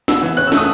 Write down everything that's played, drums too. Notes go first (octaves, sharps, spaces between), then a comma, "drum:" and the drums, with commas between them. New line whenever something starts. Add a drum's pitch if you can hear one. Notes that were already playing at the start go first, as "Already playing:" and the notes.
B3 E6, drum: snare
E3
C#4 F#6
E6
A3, drum: snare
D#6